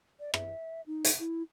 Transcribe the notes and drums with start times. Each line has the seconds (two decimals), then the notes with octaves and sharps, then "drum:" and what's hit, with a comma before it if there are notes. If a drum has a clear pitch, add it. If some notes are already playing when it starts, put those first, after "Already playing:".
0.20 D5
0.34 E5, drum: rim click
0.87 D#4
1.04 drum: hi-hat
1.19 E4